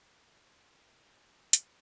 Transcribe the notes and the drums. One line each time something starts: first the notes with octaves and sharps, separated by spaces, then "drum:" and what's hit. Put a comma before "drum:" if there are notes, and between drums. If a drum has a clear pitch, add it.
A#4
C5
A#4
G#4
drum: hi-hat